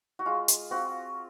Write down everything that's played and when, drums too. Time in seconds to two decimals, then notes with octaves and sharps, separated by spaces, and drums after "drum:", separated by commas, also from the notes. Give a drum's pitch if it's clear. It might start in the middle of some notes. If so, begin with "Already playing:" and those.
0.19 F#4
0.25 G#3 F4
0.48 drum: hi-hat
0.71 C4 F4 F#4